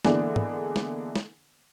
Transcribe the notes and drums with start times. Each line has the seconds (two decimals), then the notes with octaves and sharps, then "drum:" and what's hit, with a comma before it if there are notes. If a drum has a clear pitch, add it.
0.05 D3 E3 G#3 A#3 B3 D4, drum: snare
0.36 drum: tom
0.76 drum: snare
1.16 drum: snare